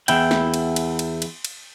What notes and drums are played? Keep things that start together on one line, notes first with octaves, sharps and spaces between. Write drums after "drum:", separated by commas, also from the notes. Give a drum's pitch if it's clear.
E2 E4 G5, drum: cymbal
drum: snare
drum: cymbal
drum: cymbal
drum: cymbal
drum: cymbal
drum: cymbal